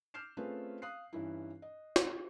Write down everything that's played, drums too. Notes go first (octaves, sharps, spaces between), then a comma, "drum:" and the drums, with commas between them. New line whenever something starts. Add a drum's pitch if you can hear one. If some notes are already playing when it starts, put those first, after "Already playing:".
D6 F6 G6 C7 E7
A3 C4 C#4 F4 G#4 B4
F5 D#6 F#6 C7
G2 E3 C#4 D#4 E4
D#5
drum: snare